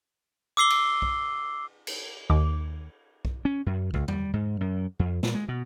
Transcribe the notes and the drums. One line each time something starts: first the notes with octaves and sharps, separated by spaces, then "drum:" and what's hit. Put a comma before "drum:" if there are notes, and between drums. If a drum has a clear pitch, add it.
D6 E6 C7 G7
drum: cymbal
drum: kick B1
drum: cymbal
D#2 D6
drum: kick B1
C#4
F#2
C#2, drum: kick B1
G3, drum: tom E2
G#2
F#2
F2
A#2, drum: snare
G#3
B2